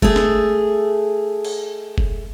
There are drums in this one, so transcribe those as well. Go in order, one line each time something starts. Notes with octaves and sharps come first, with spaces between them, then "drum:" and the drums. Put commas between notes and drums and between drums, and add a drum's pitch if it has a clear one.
A3 G#4, drum: kick
drum: snare
drum: cymbal
drum: kick